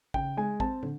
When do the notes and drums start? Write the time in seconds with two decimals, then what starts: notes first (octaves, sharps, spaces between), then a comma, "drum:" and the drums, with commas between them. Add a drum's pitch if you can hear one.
0.14 C#3 G5, drum: kick
0.37 G#3 G#5
0.60 C4 A5, drum: kick
0.83 D3, drum: tom